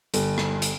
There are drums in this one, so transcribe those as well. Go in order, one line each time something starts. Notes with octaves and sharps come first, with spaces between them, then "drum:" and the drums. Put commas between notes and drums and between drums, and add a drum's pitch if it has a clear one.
G1, drum: hi-hat
drum: rim click
drum: hi-hat